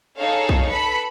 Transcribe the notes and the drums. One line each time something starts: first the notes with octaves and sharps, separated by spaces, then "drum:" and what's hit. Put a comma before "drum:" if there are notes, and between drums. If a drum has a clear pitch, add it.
D#4 G#4 A4 C#5 F5
drum: kick B1
A4 B4 B5 C#7